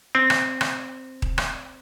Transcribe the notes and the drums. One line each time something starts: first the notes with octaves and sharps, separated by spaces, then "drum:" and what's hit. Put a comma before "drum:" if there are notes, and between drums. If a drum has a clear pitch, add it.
C4
drum: rim click
drum: rim click
drum: kick D#1
drum: rim click